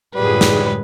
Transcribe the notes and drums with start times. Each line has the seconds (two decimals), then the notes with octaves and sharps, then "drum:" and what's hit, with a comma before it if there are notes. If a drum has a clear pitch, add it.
0.15 F#2 A2 D3 G3 G#3 F4 G#4 B4
0.41 drum: snare